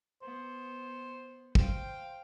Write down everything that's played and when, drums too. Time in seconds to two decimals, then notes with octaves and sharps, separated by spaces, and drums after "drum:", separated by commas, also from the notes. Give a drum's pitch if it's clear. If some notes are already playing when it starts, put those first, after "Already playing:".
0.22 B3 C5
1.55 C5 F5 G5, drum: kick